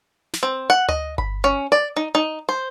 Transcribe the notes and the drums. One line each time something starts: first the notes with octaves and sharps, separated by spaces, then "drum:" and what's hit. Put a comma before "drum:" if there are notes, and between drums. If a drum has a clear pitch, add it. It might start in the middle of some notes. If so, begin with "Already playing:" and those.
drum: snare
C4
F#5
D#5, drum: tom D2
B5, drum: kick G1
C#4
D5
D#4
D#4
C5